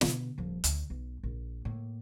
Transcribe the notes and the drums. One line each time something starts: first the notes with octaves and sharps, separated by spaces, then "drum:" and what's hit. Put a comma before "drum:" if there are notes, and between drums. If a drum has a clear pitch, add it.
B2 D3, drum: snare
D#1 F3
D2, drum: hi-hat
B1
A#1
A2 A#3